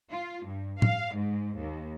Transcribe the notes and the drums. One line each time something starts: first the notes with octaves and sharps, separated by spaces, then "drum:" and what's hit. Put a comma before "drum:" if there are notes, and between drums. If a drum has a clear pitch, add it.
F4
G2
F5, drum: tom
G#2
D#2